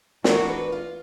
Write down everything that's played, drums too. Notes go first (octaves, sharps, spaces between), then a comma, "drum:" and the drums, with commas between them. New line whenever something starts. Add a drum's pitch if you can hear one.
E3 A3 D4 F#4 A#4, drum: snare
B4
F4